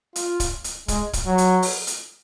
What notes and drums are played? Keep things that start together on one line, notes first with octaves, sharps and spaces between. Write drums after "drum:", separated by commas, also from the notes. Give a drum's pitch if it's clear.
F4, drum: hi-hat
drum: kick, hi-hat
drum: hi-hat
G#3, drum: kick, hi-hat
drum: kick, hi-hat
F#3
drum: hi-hat
drum: open hi-hat
drum: hi-hat